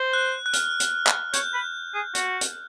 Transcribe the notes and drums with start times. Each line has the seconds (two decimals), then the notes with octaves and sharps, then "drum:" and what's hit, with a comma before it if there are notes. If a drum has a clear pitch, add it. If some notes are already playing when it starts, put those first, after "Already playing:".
Already playing: C5
0.13 F#6
0.46 F#6
0.53 F6, drum: hi-hat
0.80 drum: hi-hat
1.07 drum: clap
1.34 C#5 G6, drum: hi-hat
1.54 B4
1.94 G#4
2.15 F#4, drum: hi-hat
2.41 drum: hi-hat